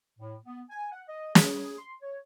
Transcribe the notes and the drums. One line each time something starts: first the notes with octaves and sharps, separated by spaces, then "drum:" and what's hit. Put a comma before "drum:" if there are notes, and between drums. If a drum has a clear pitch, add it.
A2
B3
G#5
F#5
D#5
G#4, drum: snare
C6
C#5